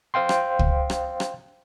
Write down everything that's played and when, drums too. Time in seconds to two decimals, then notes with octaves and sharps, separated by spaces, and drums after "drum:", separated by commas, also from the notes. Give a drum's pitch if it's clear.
0.14 C5 F5 G5 C6
0.29 drum: rim click
0.59 drum: kick
0.90 drum: rim click
1.20 drum: rim click